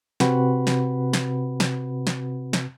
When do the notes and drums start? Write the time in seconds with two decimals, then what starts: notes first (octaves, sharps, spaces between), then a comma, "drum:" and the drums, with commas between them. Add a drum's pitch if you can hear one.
0.20 C3 C4 F#4 B4 F#5 B5, drum: snare
0.67 drum: snare
1.13 drum: snare
1.60 drum: snare
2.07 drum: snare
2.53 drum: snare